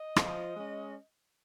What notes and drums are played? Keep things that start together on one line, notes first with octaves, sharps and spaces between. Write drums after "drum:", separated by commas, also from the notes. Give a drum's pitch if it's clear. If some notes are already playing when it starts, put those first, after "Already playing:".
Already playing: D#5
F3, drum: rim click
G#3 C#4